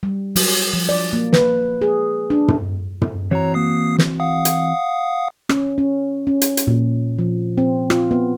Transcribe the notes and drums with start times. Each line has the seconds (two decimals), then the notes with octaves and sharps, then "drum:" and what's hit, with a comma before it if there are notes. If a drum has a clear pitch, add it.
0.03 G3
0.36 F#3, drum: open hi-hat
0.73 F3
0.89 D5
1.13 A#3
1.33 B4, drum: snare
1.82 G#4
2.30 D4
2.48 drum: tom
3.02 drum: tom
3.31 E3 C4 F#4 C#5 A#5
3.54 A#3 D#6 C7
3.98 drum: snare
4.20 F5 F#5 D#6
4.45 drum: hi-hat
5.49 C#4, drum: rim click
5.78 C#4
6.27 C#4
6.42 drum: hi-hat
6.57 drum: hi-hat
6.67 A#2
7.19 F3
7.58 C4
7.90 F4, drum: rim click
8.11 B3